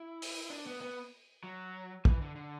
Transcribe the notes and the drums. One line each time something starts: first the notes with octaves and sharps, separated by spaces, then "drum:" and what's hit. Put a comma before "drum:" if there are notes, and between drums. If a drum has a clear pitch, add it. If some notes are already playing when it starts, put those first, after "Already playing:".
Already playing: E4
drum: open hi-hat
D4
B3
B3
F#3
E3, drum: kick
D3
D3